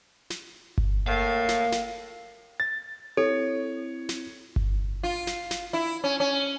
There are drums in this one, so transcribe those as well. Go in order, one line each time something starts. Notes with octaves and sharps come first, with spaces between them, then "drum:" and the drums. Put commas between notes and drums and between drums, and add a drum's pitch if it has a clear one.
drum: snare
drum: kick G1
A2 A#3 F5
drum: snare
drum: snare
A6
C4 E4 A4 C#5
drum: snare
drum: kick G1
F4
drum: snare
drum: snare
E4
C#4
C#4